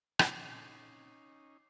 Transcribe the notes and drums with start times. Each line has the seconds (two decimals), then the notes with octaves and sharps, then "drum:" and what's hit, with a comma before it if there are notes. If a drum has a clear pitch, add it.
0.19 A#2 C#3 C4 C#4 D#4 D6 C7, drum: rim click